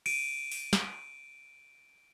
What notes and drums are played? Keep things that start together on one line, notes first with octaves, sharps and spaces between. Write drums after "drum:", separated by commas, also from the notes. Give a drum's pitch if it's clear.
D7 D#7, drum: cymbal
drum: open hi-hat
drum: snare